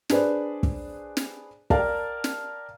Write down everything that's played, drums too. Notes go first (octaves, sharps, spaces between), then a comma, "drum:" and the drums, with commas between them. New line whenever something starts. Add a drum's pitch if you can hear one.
D4 G#4 B4 C5 D5, drum: snare
drum: kick
drum: snare
A#4 D5 F5 G5 A5, drum: kick
drum: snare